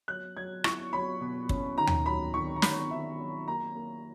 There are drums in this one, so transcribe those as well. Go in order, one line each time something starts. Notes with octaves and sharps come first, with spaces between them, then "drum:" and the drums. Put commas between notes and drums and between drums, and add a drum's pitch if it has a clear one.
F#3 F#6
F#3 G#6
E4 C#6, drum: rim click
F#3 B5
B2
C#4, drum: kick
D#3 A#5
drum: tom D#2
F#3 B5
D#3 C#6
A#5
D#3 B5, drum: snare
D#3 E5
F#3
A#3 A#5
A#3